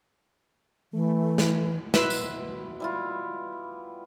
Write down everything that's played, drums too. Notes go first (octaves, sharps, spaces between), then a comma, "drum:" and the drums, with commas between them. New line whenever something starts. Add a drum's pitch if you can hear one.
E3 A3
drum: snare
B2 B4 E5 C6, drum: snare
drum: tambourine
G3 E4 F4